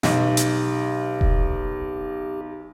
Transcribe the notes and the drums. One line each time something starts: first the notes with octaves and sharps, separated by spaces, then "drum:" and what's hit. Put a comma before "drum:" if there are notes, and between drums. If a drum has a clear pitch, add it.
B1 G4, drum: snare
drum: hi-hat
drum: kick E1